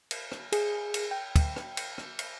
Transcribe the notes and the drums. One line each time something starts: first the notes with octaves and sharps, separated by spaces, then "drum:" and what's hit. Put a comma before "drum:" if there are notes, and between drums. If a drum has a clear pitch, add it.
drum: cymbal
drum: rim click
G#4, drum: cymbal
drum: cymbal
G5
drum: kick, cymbal
drum: rim click
drum: cymbal
drum: rim click
drum: cymbal